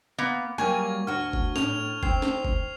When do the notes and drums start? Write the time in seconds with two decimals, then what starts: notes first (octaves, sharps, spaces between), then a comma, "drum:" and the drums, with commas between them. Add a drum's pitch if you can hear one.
0.18 A#3 B3
0.58 F#3 G3 A#3 G#5 C#6 G#6
1.07 D2 F#4 F6
1.33 drum: kick
1.56 A2 F7, drum: snare
2.03 C4 C7, drum: kick
2.22 drum: snare
2.45 drum: kick